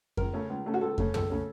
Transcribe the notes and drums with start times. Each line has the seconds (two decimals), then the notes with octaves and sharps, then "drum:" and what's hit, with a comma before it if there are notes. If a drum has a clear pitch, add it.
0.17 C#2 A#4, drum: kick F2
0.33 C#3 A3 C#4
0.50 C#2
0.66 C#3 A3 C#4
0.74 F#4
0.81 C#2 A4
0.98 C#3 A3 C#4, drum: kick F2
1.14 C#2 A4, drum: tom
1.30 C#3 A3 C#4